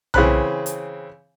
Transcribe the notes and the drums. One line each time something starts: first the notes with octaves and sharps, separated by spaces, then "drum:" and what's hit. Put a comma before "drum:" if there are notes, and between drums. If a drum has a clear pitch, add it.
C#3 E3 C4 B5 F#6, drum: tom B1
drum: hi-hat